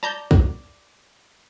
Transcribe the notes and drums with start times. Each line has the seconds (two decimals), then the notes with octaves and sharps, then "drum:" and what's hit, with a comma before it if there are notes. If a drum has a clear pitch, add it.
0.03 D5 A5 A#5 G6
0.31 drum: kick